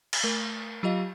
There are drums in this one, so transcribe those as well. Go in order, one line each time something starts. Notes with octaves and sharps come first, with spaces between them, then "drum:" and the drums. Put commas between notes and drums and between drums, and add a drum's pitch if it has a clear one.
drum: cymbal
A3 A#4
F#3 F4 G4 D#5 F5